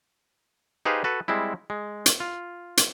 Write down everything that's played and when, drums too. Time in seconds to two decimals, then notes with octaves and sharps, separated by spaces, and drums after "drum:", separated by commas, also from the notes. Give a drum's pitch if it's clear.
0.85 D#4 G4 G#4 B4 C5 F5
1.04 F#4 A4 B4
1.28 G3 G#3 C4 E4
1.70 G#3
2.06 drum: hi-hat
2.20 F4
2.77 drum: hi-hat